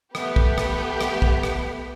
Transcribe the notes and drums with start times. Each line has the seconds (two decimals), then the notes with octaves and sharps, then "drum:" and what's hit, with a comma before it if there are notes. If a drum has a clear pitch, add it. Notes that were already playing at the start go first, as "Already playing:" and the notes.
0.15 A3 B3 G4 B4, drum: rim click
0.36 drum: kick
0.58 drum: rim click
1.01 drum: rim click
1.22 drum: kick
1.43 drum: rim click